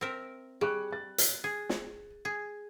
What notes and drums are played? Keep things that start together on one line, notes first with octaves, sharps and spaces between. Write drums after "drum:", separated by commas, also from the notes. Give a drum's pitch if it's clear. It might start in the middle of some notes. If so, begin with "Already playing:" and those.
C4 A#4 E5
G3 G#4 C#6 F#6
A6
drum: hi-hat
G#4
drum: snare
G#4